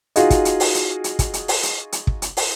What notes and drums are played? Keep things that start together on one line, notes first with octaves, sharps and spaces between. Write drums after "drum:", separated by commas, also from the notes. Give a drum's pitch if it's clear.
D#4 F4 F#4 G#4 D#5, drum: hi-hat
drum: kick, hi-hat
drum: hi-hat
drum: open hi-hat
drum: hi-hat
drum: hi-hat
drum: kick, hi-hat
drum: hi-hat
drum: open hi-hat
drum: hi-hat
drum: hi-hat
drum: kick
drum: hi-hat
drum: open hi-hat